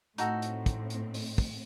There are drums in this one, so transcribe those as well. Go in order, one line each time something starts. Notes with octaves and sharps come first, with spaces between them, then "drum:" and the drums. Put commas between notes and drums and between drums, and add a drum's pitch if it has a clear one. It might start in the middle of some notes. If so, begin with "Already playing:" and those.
A2 C4 D#4 F#4 A4, drum: hi-hat
drum: hi-hat
drum: kick, hi-hat
drum: hi-hat
drum: open hi-hat
drum: kick, open hi-hat